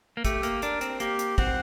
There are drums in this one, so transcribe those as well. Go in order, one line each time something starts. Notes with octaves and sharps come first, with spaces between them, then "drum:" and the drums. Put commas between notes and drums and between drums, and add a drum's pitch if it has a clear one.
A#3
A3 G4, drum: kick, hi-hat
A#3, drum: hi-hat
D4 A#4, drum: hi-hat
C4, drum: hi-hat
A#3 G4, drum: hi-hat
drum: hi-hat
C4 F#5, drum: kick